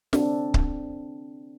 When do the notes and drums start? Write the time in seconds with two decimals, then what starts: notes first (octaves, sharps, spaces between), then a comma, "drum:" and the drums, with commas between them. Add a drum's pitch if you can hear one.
0.13 C4 D4 A4, drum: snare
0.54 drum: kick C#1